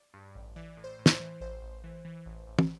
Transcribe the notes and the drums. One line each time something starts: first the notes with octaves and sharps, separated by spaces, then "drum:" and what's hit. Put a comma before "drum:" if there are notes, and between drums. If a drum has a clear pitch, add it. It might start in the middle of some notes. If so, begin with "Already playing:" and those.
Already playing: D5
G2
A1
E3 D5
A2
C5
A2
D5, drum: snare
C5
E3
A1 C5
A1
E3
E3
A1
A1
drum: tom